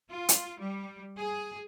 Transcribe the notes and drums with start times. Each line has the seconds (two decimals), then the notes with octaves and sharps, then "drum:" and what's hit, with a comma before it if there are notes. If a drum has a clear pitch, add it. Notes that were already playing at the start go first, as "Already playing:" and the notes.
0.10 F4
0.29 drum: hi-hat
0.59 G3
1.17 G#4